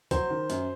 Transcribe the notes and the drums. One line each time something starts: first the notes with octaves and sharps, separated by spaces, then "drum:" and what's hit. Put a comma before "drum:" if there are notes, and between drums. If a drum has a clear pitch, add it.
F#3 C5, drum: kick B1, hi-hat
D#3
F#2, drum: hi-hat